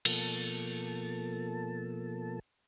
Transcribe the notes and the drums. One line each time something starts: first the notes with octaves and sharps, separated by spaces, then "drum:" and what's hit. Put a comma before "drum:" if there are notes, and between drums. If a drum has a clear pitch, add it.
B2 F3 A#3 A4 A5, drum: cymbal